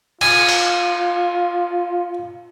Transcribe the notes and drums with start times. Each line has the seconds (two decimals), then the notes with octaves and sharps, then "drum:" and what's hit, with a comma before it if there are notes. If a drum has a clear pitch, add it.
0.21 F4 G#5, drum: cymbal
0.48 drum: open hi-hat